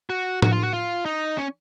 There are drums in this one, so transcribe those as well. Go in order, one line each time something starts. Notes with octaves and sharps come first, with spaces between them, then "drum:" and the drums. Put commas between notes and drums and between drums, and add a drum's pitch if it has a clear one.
F#4
F#4, drum: tom A2
F4
F#4
F4
D#4
C#4